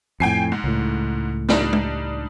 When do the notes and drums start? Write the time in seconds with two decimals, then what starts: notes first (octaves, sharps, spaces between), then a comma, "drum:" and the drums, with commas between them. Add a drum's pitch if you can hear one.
0.20 F2 A2 G5 G#5 C7
0.52 G#2
0.64 C#2 A2
1.49 G3 D4 D#4, drum: snare
1.73 drum: tom